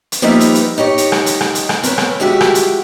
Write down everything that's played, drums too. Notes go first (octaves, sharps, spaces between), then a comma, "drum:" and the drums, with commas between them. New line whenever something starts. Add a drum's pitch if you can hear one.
drum: hi-hat
F3 G3 A#3 B3 D#4 E5
drum: hi-hat
drum: hi-hat
D#4 G4 C#5 D#5
drum: hi-hat
drum: rim click
drum: hi-hat
drum: rim click
drum: hi-hat
drum: rim click
C4 A#4 B4 C#5, drum: hi-hat
drum: rim click
F2 G#3 F#4 G4 E5
drum: rim click
drum: hi-hat